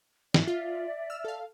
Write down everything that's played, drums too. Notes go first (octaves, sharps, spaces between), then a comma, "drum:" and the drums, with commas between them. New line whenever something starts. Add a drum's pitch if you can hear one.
G#2 D5 E5, drum: snare
F4
E6 F6
A4 F5